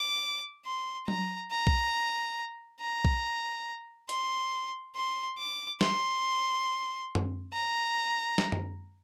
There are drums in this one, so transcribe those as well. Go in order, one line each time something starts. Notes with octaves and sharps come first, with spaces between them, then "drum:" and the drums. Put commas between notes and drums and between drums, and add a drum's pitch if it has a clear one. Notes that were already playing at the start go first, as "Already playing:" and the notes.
Already playing: D6
C6
A#5, drum: tom F#3
A#5
drum: kick B1
A#5
drum: kick B1
C6, drum: hi-hat
C6
D6
C6, drum: snare
drum: tom F#2
A#5
drum: snare
drum: tom F#2